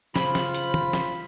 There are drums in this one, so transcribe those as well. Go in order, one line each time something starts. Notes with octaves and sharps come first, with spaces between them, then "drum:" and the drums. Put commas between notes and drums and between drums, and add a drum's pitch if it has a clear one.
C#3 F4 C5 B5, drum: snare
drum: snare
drum: hi-hat
drum: tom
drum: snare